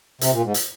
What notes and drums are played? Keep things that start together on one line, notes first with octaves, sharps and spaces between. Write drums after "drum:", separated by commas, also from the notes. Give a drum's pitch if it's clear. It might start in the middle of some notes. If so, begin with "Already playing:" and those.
C3, drum: hi-hat
A#2
G#2
drum: hi-hat